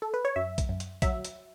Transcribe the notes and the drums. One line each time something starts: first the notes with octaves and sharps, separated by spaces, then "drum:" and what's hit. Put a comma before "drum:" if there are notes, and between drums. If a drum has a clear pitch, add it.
A4
B4
C#5
F#2 E5
drum: kick A#1, hi-hat
F#2
drum: hi-hat
F#3 E5, drum: kick A#1, hi-hat
drum: hi-hat